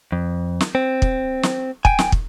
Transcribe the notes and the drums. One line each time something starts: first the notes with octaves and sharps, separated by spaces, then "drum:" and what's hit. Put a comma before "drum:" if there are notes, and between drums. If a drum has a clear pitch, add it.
F2
drum: snare
C4
drum: kick
drum: snare
G5 G#5, drum: kick
drum: snare
drum: kick